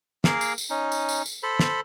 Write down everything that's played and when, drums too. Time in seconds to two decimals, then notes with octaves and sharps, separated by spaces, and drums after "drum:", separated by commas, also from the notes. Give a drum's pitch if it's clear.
0.24 A#3 G#4 A#4 F5, drum: snare
0.41 drum: tambourine
0.58 drum: tambourine
0.70 C#4 D#4
0.92 drum: tambourine
1.09 drum: tambourine
1.26 drum: tambourine
1.43 A4 C5 B5
1.59 drum: snare